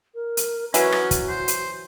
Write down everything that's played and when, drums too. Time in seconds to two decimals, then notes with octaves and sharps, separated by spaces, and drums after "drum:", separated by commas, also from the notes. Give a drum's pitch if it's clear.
0.15 A#4
0.37 drum: hi-hat
0.74 E3 F#3 C#4 F#4, drum: hi-hat
0.92 drum: rim click
1.11 drum: kick, hi-hat
1.29 C5
1.48 drum: hi-hat